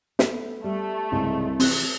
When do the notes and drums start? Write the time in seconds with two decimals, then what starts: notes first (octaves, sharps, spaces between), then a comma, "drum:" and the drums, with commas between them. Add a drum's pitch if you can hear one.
0.19 A3 B3, drum: snare
0.64 G3 A3
1.12 C2 G#2 C#3 G#3
1.60 C3 E3 F3 C4 F#6, drum: open hi-hat